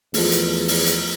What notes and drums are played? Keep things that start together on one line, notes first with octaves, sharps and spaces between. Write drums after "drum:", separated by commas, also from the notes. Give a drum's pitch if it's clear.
E2 F3 A3, drum: open hi-hat
drum: hi-hat
drum: open hi-hat
drum: hi-hat